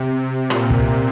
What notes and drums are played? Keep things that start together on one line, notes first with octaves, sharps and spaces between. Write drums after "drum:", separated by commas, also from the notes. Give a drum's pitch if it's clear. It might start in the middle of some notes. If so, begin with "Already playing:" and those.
Already playing: C3
A#2, drum: rim click
drum: kick